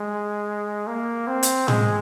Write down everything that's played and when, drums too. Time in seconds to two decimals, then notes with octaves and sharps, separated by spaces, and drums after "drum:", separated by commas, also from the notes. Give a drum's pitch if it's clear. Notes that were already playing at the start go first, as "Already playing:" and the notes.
Already playing: G#3
0.87 A#3
1.27 C4
1.43 drum: hi-hat
1.68 G#3, drum: tom A2